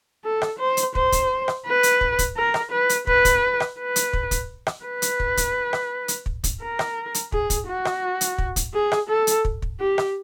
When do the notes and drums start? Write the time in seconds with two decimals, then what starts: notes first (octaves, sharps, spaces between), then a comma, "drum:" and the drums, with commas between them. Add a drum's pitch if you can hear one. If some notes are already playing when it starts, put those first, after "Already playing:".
0.24 A4
0.42 drum: rim click
0.59 C5
0.77 drum: hi-hat
0.95 C5, drum: kick
1.12 drum: kick, hi-hat
1.48 drum: rim click
1.66 B4
1.83 drum: hi-hat
2.01 drum: kick
2.19 drum: kick, hi-hat
2.36 A#4
2.54 drum: rim click
2.71 B4
2.89 drum: hi-hat
3.07 B4, drum: kick
3.25 drum: kick, hi-hat
3.60 drum: rim click
3.79 B4
3.96 drum: hi-hat
4.13 drum: kick
4.31 drum: kick, hi-hat
4.67 drum: rim click
4.85 B4
5.02 drum: hi-hat
5.20 drum: kick
5.37 drum: kick, hi-hat
5.73 drum: rim click
6.08 drum: hi-hat
6.26 drum: kick
6.44 drum: kick, hi-hat
6.61 A#4
6.79 drum: rim click
7.14 drum: hi-hat
7.32 G#4, drum: kick
7.50 drum: kick, hi-hat
7.68 F#4
7.85 drum: rim click
8.21 drum: hi-hat
8.38 drum: kick
8.56 drum: kick, hi-hat
8.73 G#4
8.92 drum: rim click
9.09 A4
9.27 drum: hi-hat
9.45 drum: kick
9.62 drum: kick
9.80 G4
9.98 drum: rim click